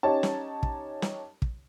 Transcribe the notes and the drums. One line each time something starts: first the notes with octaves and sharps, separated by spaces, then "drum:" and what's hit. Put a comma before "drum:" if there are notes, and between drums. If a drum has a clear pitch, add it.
C#4 D#4 G4 C#5 A5
drum: snare
drum: kick
drum: snare
drum: kick